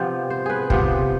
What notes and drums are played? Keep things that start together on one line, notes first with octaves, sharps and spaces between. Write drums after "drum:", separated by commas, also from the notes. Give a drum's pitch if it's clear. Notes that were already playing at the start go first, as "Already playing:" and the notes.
Already playing: C3 F3 B3 C5
C5
G#4 B4
C3 F3 B3 C5, drum: kick